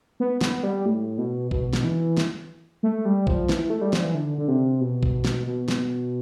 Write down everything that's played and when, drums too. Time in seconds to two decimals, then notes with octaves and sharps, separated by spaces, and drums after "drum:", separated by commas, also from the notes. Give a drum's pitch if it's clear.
0.20 B3
0.41 B3, drum: snare
0.63 G3
0.86 A2
1.18 B2
1.51 B2, drum: kick A#1
1.73 drum: snare
1.84 E3
2.17 drum: snare
2.83 A3
3.05 G3
3.27 F3, drum: kick A#1
3.49 E3, drum: snare
3.70 A3
3.81 G3
3.93 F3, drum: snare
4.04 E3
4.15 D3
4.38 D3
4.48 C3
4.81 B2
5.03 drum: kick A#1
5.25 drum: snare
5.46 B2
5.68 drum: snare